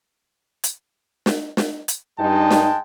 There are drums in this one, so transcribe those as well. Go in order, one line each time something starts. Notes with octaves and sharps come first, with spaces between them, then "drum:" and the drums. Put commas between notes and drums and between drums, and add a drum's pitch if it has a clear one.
drum: hi-hat
drum: snare
drum: snare
drum: hi-hat
G2 G#3 D#4 G5 A5
drum: snare